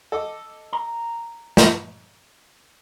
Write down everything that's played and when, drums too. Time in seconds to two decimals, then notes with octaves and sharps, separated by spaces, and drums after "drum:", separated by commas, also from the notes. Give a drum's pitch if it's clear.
0.12 A4 D#5 D6
0.73 A#5
1.57 drum: snare